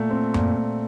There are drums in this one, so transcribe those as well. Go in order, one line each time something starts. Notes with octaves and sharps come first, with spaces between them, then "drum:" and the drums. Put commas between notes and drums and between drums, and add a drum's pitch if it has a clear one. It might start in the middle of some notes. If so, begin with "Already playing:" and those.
Already playing: A#2 A3
C4
A#2, drum: tom F#2
A#2